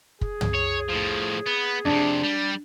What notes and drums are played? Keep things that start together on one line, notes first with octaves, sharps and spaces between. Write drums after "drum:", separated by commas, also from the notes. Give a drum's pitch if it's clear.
G#4, drum: kick
drum: tom
C#5
A2 F3
B3
F2 C3 D4
G3